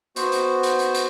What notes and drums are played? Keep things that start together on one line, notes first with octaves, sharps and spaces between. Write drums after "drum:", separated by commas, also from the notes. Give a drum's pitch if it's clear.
B3 F#4 C5, drum: hi-hat
drum: hi-hat
drum: hi-hat
drum: hi-hat
drum: hi-hat